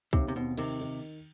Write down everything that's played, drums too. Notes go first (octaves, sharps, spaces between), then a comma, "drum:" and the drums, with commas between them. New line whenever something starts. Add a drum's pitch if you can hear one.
D#2 C3, drum: kick
C3
B2 C4
C3 D#3, drum: cymbal
D#3